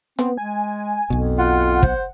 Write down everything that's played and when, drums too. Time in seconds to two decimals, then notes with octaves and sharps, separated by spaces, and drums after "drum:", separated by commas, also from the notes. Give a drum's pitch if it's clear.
0.19 B3 C4, drum: hi-hat
0.37 G#3 G#5
1.10 B1 F2 B2
1.38 F4 F#5
1.83 C5, drum: kick